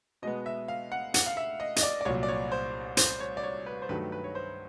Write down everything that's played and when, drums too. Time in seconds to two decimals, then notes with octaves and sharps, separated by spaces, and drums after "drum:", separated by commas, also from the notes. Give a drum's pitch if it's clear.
0.22 B2 G#3 B3 D#5
0.46 E5
0.68 F5
0.92 F#5
1.14 F#5, drum: hi-hat
1.26 F5
1.37 E5
1.60 D#5
1.76 D#5, drum: hi-hat
1.83 D5
2.01 D5
2.05 C2 A#2 F#3 C#5
2.23 D5
2.28 C#5
2.52 C5
2.97 C5, drum: hi-hat
3.20 C#5
3.37 D5
3.43 C#5
3.66 B4
3.82 C5
3.89 G2 D#3 F#3 A3 B4
4.12 B4
4.24 C#5
4.35 C5